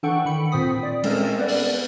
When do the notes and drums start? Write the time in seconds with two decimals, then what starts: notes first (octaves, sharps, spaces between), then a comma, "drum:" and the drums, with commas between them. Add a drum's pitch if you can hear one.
0.03 E3 D4 A4 F#5 G5 C#6
0.25 D#3 B5 C#7
0.52 A#2 C4 C5 D#6 B6
0.83 D5
1.04 G3 G#3 C4 C#4 A4 A#4, drum: cymbal
1.37 B3 B4 D5
1.48 drum: open hi-hat